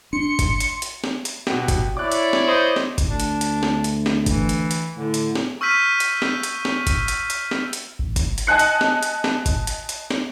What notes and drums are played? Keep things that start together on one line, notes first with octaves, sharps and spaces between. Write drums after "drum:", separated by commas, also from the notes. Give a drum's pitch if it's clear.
D4 C6 C#7
drum: kick, hi-hat
drum: hi-hat
drum: hi-hat
drum: snare
drum: hi-hat
B2 F#4 G4, drum: snare
drum: kick, hi-hat
E4 C#5 D5 D6 F#6
drum: hi-hat
drum: snare
C5 D#5 C6
drum: snare
drum: kick, hi-hat
D2 D4
drum: hi-hat
drum: hi-hat
drum: snare
drum: hi-hat
drum: snare
E3, drum: kick, hi-hat
drum: hi-hat
drum: hi-hat
A2 D3
drum: hi-hat
drum: snare
C#6 E6 F6 G6 B6 D#7
drum: hi-hat
drum: snare
drum: hi-hat
drum: snare
drum: kick, hi-hat
drum: hi-hat
drum: hi-hat
drum: snare
drum: hi-hat
A1
drum: kick, hi-hat
drum: hi-hat
D#5 G#5 A5 F#6 C#7
drum: hi-hat
drum: snare
drum: hi-hat
drum: snare
drum: kick, hi-hat
drum: hi-hat
drum: hi-hat
drum: snare